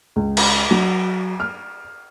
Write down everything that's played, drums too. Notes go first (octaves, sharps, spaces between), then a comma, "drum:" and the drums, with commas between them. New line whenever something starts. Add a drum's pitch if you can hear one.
C#2
drum: cymbal
F#3
F6